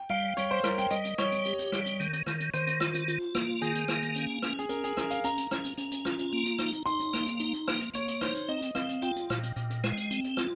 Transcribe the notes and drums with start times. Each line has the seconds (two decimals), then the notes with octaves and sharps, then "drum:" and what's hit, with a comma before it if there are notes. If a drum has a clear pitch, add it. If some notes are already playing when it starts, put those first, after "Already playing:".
Already playing: G5
0.10 G3 F5
0.37 G3 C#5, drum: hi-hat
0.51 C5
0.64 G3 A#4, drum: rim click
0.78 G5, drum: hi-hat
0.91 G3 D#5, drum: hi-hat
1.05 drum: hi-hat
1.18 G3 C#5, drum: rim click
1.32 drum: hi-hat
1.45 G4, drum: hi-hat
1.59 drum: hi-hat
1.72 G3, drum: rim click
1.86 drum: hi-hat
2.00 D#3, drum: hi-hat
2.13 drum: hi-hat
2.26 D#3, drum: rim click
2.40 drum: hi-hat
2.54 D#3 C5, drum: hi-hat
2.67 drum: hi-hat
2.80 F4, drum: rim click
2.94 drum: hi-hat
3.08 F4, drum: hi-hat
3.35 A#3, drum: rim click
3.62 D#3 G#4, drum: hi-hat
3.75 drum: hi-hat
3.88 A#3, drum: rim click
4.02 drum: hi-hat
4.15 C#4, drum: hi-hat
4.42 C#4, drum: rim click
4.59 G#4, drum: hi-hat
4.69 C#4 A#4, drum: hi-hat
4.84 G#4, drum: hi-hat
4.97 C#4 A#4, drum: rim click
5.10 F5, drum: hi-hat
5.24 C#4 A#5, drum: hi-hat
5.37 drum: hi-hat
5.51 C#4, drum: rim click
5.64 drum: hi-hat
5.78 C#4, drum: hi-hat
5.92 drum: hi-hat
6.05 F4, drum: rim click
6.19 drum: hi-hat
6.33 A#3
6.46 drum: hi-hat
6.59 D#4, drum: rim click
6.73 drum: hi-hat
6.86 D#4 C6, drum: hi-hat
7.00 drum: hi-hat
7.13 A#3, drum: rim click
7.27 drum: hi-hat
7.40 D#4, drum: hi-hat
7.54 drum: hi-hat
7.68 A#3, drum: rim click
7.81 drum: hi-hat
7.94 A#3 C#5, drum: hi-hat
8.08 drum: hi-hat
8.21 D#4 C5, drum: rim click
8.35 drum: hi-hat
8.48 C4 D#5
8.62 drum: hi-hat
8.75 C4 F5, drum: rim click
8.89 drum: hi-hat
9.02 F4 G5, drum: hi-hat
9.16 drum: hi-hat
9.30 A#2, drum: rim click
9.43 drum: hi-hat
9.56 A#2, drum: hi-hat
9.70 drum: hi-hat
9.84 G#3, drum: rim click
9.97 drum: hi-hat
10.11 C4, drum: hi-hat
10.24 drum: hi-hat
10.37 F4, drum: rim click